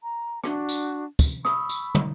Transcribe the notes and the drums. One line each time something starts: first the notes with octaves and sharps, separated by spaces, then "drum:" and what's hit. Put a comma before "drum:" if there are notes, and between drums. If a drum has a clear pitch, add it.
A#5
D4 F#4, drum: rim click
drum: tambourine
drum: kick, tambourine
B5 C#6 D#6 E6, drum: rim click
drum: tambourine
drum: tom